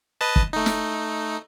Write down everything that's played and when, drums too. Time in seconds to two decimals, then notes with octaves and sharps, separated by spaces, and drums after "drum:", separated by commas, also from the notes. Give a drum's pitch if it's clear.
0.21 B4 D#5 A5
0.36 drum: kick
0.53 A3 D#4
0.66 drum: snare